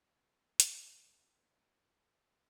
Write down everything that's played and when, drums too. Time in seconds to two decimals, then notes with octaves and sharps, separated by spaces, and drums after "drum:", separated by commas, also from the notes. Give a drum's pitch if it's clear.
0.08 G2
0.60 drum: hi-hat
1.02 A#2
1.18 C3
1.33 A#2
1.48 G2
1.80 G2
1.95 F2
2.12 G2